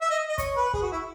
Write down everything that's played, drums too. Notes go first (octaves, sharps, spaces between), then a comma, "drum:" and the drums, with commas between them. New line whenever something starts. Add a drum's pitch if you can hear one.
E5
D#5
D#5
C#5, drum: kick, hi-hat
B4
G#4, drum: kick
F#4
E4